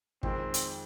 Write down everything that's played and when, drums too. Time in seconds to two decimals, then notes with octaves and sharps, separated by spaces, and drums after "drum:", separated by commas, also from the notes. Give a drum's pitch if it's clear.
0.23 F2 D#3 G#3 C4, drum: kick
0.54 drum: hi-hat